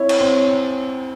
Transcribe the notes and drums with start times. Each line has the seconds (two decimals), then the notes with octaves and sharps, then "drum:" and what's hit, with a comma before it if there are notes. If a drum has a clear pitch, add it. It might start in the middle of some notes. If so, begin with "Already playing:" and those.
Already playing: C4 E4 C#5
0.09 drum: cymbal
0.21 C4